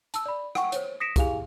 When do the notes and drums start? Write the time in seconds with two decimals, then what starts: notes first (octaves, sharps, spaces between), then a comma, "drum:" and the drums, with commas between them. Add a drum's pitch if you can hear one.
0.14 A5 E6, drum: hi-hat
0.26 D5 B5
0.55 F#5 G5 C#6, drum: rim click
0.72 C5 C#5, drum: hi-hat
1.00 D#6 A#6 B6 C#7 D7 E7
1.16 E4 G4 G#4 F5 G#5 F7, drum: kick, hi-hat